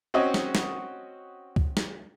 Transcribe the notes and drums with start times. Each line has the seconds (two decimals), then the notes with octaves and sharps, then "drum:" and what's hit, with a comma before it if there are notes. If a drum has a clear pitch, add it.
0.14 C4 C#4 F#4 D#5
0.34 drum: snare
0.55 drum: snare
1.56 drum: kick C#2
1.77 drum: snare